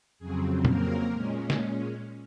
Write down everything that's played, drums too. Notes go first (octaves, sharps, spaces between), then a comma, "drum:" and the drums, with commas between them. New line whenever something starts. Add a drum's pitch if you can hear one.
F2 C#3 F#3 C4 G#4
A#3 A#4, drum: tom A#2
A#2 G#3 C#4
drum: snare